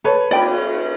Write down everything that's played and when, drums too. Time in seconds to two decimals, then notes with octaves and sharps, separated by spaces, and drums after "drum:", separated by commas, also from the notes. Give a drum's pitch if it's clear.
0.04 A4 B4 C#5
0.31 D5 G5 B5, drum: cymbal